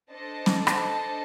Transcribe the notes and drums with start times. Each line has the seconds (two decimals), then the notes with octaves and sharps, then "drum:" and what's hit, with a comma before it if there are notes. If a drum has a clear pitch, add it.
0.11 D4 A4 C5 D#5 A5
0.46 drum: snare
0.67 drum: rim click